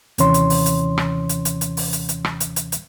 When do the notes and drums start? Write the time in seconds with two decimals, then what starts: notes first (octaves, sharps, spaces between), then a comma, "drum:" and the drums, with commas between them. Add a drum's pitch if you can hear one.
0.18 D#2 C3 E3 C#4 C#5 C6, drum: hi-hat
0.34 drum: hi-hat
0.50 drum: open hi-hat
0.66 drum: hi-hat
0.98 drum: rim click
1.29 drum: hi-hat
1.45 drum: hi-hat
1.61 drum: hi-hat
1.77 drum: open hi-hat
1.93 drum: hi-hat
2.09 drum: hi-hat
2.24 drum: rim click
2.40 drum: hi-hat
2.56 drum: hi-hat
2.72 drum: hi-hat